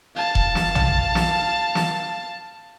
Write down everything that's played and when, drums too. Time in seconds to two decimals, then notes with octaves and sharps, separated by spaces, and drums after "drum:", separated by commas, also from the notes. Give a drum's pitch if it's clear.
0.15 F5 A5
0.35 drum: kick E1
0.55 drum: snare
0.75 drum: tom
1.15 drum: snare
1.75 drum: snare